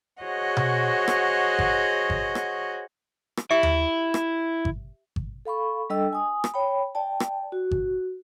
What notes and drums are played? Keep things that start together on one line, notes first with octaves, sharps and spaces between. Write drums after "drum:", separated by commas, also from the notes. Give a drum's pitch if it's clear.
F#4 G#4 C5 C#5 D#5 F#5
drum: tom B2
drum: rim click
drum: kick G#1
drum: kick G#1
drum: rim click
drum: rim click
E4 G4 E5
drum: tom D#2
drum: rim click
drum: kick G#1
drum: kick G#1
A4 F5 B5 C#6
G3 D4 A4 D#5 G5 E6
G#5 D#6
drum: rim click
C#5 G5 B5
D5 G5 A5
drum: rim click
F#4
drum: kick G#1